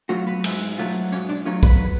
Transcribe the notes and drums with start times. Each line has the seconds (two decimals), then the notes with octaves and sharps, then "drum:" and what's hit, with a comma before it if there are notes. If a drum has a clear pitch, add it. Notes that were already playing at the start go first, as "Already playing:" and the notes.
0.09 F#3 A3 F4 F#4
0.27 B3 B4
0.44 G#2, drum: cymbal
0.78 F#3 A3 F4
1.12 G#2 C#4 C#5
1.29 D4 D5
1.45 F#3 A3 C#4 F4 C#5
1.63 B3 B4, drum: kick B1